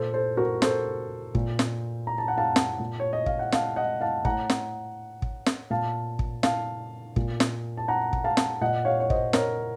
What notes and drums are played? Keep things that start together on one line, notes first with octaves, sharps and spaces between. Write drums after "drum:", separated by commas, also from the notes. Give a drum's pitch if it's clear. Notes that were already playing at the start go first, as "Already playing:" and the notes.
Already playing: A#2 A4 C5
A4 C5
F#4 A#4
A4 C5, drum: snare
A#2, drum: kick
drum: snare
A#5
A5
F#5
F5 A5
drum: snare
A#2
C#5
D#5
F5, drum: kick
F#5
F5 A5, drum: snare
D#5 F#5
F5 A5
A2 F#5 A#5, drum: kick
drum: snare
drum: kick
drum: snare
A#2 F5 A5
drum: kick
F5 A5, drum: snare
A#2, drum: kick
drum: snare
A5
F#5 A#5
drum: kick
F5 A5
drum: snare
A#2 D#5 F#5
C#5 F5
C#5
C5 D#5, drum: kick
A#4 C#5, drum: snare